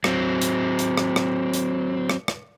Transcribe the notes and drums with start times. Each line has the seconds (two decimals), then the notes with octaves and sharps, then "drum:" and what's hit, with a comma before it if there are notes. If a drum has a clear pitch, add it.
0.04 F#3 C4, drum: rim click
0.42 drum: hi-hat
0.79 drum: hi-hat
0.98 drum: rim click
1.16 drum: rim click
1.54 drum: hi-hat
2.10 drum: rim click
2.28 drum: rim click